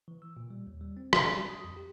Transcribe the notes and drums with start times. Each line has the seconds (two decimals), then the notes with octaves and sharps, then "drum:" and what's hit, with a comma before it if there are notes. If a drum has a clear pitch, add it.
0.08 E3
0.22 E6
0.37 A#2
0.50 G3
0.67 D#2
0.81 G3
0.97 C4
1.13 B5, drum: rim click
1.25 G3
1.49 D#6
1.64 F2
1.77 G4